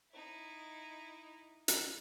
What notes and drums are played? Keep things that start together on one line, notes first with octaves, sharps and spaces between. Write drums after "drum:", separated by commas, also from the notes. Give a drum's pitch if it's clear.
D#4 E4
drum: hi-hat